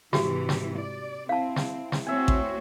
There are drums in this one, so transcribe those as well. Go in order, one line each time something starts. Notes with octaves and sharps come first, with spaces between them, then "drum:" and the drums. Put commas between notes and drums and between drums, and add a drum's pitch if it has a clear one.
G#2 C3 E3 F#4 G4, drum: snare
drum: snare
D5
C4 E4 F5 A5
drum: snare
drum: snare
A3 C4 F#4 C#5 E5 G#5
drum: kick A1